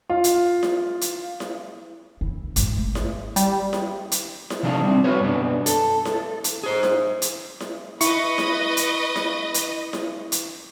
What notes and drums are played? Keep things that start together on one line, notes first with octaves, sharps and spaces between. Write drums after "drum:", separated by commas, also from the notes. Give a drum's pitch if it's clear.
F4
drum: hi-hat
drum: snare E4
drum: hi-hat
drum: snare E4
E3
G#1, drum: hi-hat
A3
drum: snare E4
G3, drum: hi-hat
drum: snare E4
drum: hi-hat
drum: snare E4
C3 F3 A3 D4 D#4
G3 B3 C4
F#4 G#4 B4 C#5
F#2 B2 B3 D4
A4, drum: hi-hat
drum: snare E4
drum: hi-hat
G#4 C5
drum: snare E4
drum: hi-hat
drum: snare E4
E4 B4 D#5 C#6 C#7, drum: hi-hat
drum: snare E4
drum: hi-hat
drum: snare E4
drum: hi-hat
drum: snare E4
drum: hi-hat